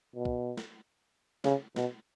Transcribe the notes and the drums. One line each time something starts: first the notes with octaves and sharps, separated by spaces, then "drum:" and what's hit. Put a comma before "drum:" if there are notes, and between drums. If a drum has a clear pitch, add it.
B2
drum: kick
drum: snare
C#3, drum: snare
B2, drum: snare